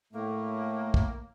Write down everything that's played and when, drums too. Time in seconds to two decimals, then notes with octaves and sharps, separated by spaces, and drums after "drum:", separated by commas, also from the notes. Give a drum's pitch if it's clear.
0.13 A2 A3 A#3
0.94 drum: kick